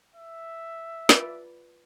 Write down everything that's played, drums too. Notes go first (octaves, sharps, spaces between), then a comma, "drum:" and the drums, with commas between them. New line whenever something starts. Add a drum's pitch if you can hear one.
E5
F4 B4 D5, drum: snare